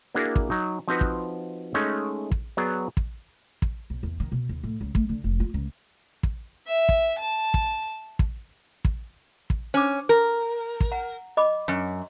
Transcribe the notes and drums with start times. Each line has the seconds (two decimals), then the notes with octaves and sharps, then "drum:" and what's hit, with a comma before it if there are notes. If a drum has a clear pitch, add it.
0.15 A#3 D4 E4 F#4 G#4 A#4
0.36 drum: kick
0.50 F#3 D#4
0.88 F3 C4 D#4 F#4 B4
1.01 drum: kick
1.74 G#3 A3 C#4 D#4
2.32 drum: kick
2.57 F#3 B3 G#4 D5
2.97 drum: kick
3.62 drum: kick
3.90 B1
4.03 E2
4.20 D#3
4.32 B2
4.49 D#2
4.64 A2
4.81 C#2
4.95 A3, drum: kick
5.09 D3
5.24 F1
5.40 F4
5.54 C#2
6.23 drum: kick
6.67 E5
6.89 drum: kick
7.18 A5
7.54 drum: kick
8.19 drum: kick
8.85 drum: kick
9.50 drum: kick
9.74 C#4 C5 D6
10.09 A#4
10.81 drum: kick
10.92 F#5 A#5
11.37 D#5 B5 D6
11.68 F#2